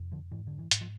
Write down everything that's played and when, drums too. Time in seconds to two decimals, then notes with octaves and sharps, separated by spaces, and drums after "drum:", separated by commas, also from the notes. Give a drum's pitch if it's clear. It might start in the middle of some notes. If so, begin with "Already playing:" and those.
Already playing: F2 C3
0.12 D3 F3
0.32 G#2 E3
0.47 D3
0.59 E3
0.71 G#2, drum: hi-hat
0.81 F3